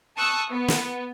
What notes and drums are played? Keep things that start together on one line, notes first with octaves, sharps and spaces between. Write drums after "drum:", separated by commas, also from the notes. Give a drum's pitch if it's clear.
A5 C#6 D#6 E6 F#6
B3
drum: snare